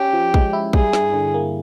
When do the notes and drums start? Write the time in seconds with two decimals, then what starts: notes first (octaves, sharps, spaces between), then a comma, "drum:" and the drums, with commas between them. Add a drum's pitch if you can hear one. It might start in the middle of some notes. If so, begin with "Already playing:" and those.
Already playing: C#4 G4
0.13 F3
0.34 G#3, drum: kick
0.53 E4
0.73 G3 G#4, drum: kick
0.93 G2, drum: snare
1.14 D3
1.34 A#3